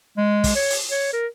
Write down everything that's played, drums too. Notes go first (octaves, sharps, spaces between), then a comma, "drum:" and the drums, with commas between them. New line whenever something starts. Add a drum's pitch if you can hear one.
G#3
drum: kick, open hi-hat
C#5
drum: open hi-hat
C#5
A#4